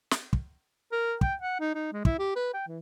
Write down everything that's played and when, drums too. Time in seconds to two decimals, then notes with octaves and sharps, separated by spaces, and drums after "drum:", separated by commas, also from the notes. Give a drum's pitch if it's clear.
0.11 drum: snare
0.33 drum: kick
0.92 A#4
1.21 G5, drum: kick
1.41 F#5
1.60 D#4
1.75 D#4
1.93 G#3
2.05 E4, drum: kick
2.19 G4
2.35 B4
2.54 G5
2.67 E3